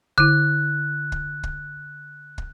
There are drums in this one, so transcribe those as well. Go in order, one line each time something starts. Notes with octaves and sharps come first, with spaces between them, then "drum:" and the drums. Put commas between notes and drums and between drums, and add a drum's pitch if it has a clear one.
D3 E4 F#6, drum: kick
drum: kick
drum: kick
drum: kick